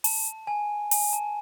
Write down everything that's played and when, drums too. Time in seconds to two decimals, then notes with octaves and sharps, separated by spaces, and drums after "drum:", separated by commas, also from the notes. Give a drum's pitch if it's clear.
0.04 A5, drum: open hi-hat
0.47 G#5
0.91 G#5, drum: open hi-hat
1.13 A5